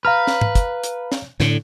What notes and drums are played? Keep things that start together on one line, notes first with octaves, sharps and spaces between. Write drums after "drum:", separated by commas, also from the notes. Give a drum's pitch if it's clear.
B4 F5 A#5 F6
drum: snare
drum: tom G#2
drum: kick, hi-hat
drum: hi-hat
drum: snare
A2 D3, drum: snare